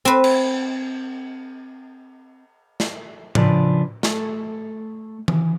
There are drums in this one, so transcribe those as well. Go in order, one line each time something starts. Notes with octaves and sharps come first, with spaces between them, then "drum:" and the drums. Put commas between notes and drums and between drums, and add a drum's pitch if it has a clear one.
C4 B4
drum: cymbal
drum: snare
C#3 F3 D4 B4, drum: tom A2
A3 A4, drum: snare
E3, drum: tom D#3